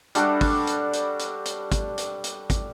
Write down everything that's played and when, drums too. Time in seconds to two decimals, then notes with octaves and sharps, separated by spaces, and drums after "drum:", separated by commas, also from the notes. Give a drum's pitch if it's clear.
0.15 G3 D4 F#4 A4, drum: hi-hat
0.41 drum: kick, open hi-hat
0.67 drum: hi-hat
0.93 drum: hi-hat
1.19 drum: hi-hat
1.45 drum: hi-hat
1.72 drum: kick, hi-hat
1.98 drum: hi-hat
2.24 drum: hi-hat
2.50 drum: kick, hi-hat